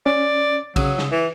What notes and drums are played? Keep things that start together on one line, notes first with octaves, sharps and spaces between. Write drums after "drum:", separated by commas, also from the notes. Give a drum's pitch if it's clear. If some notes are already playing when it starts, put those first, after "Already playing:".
C#4 D5
C#3 F#3 D#6 E6, drum: kick, cymbal
drum: snare
E3